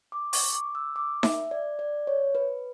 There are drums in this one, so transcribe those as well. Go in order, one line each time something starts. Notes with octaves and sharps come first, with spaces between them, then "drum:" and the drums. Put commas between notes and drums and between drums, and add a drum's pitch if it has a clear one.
D6
C#6, drum: open hi-hat
D6
E6
D6
E5, drum: snare D#4
D5
D5
C#5
B4